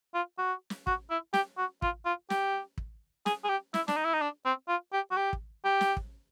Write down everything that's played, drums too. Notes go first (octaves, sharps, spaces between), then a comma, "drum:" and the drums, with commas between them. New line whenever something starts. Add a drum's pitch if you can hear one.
F4
F#4
drum: snare
F#4, drum: kick
E4
G4, drum: snare
F#4
F4, drum: kick
F4
G4, drum: snare
drum: kick
G#4, drum: snare
G#4
G4
E4, drum: snare
D4, drum: snare
D#4
E4
D#4
D4
C4
F4
G4
F#4
G4
drum: kick
G4
drum: snare
drum: kick